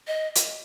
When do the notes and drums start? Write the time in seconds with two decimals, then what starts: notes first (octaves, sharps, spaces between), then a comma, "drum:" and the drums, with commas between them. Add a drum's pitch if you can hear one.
0.07 D#5
0.36 drum: hi-hat